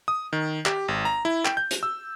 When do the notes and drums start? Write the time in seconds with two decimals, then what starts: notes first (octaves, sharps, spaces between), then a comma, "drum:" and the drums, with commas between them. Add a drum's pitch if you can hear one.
0.08 D#6
0.33 D#3
0.66 G4, drum: clap
0.88 G#1
1.05 A#5
1.25 E4
1.45 G5, drum: clap
1.57 G6
1.71 drum: hi-hat
1.83 E6